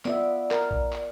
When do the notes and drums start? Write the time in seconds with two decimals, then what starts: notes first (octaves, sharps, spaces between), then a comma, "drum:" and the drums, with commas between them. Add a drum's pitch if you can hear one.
0.05 B3 F4 D5 E5, drum: clap
0.51 A#4, drum: clap
0.71 drum: kick A#1
0.93 drum: clap